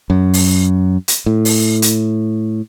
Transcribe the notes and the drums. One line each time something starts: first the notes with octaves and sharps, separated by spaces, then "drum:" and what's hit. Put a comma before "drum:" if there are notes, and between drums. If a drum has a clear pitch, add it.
F#2
drum: open hi-hat
drum: hi-hat
A2
drum: open hi-hat
drum: hi-hat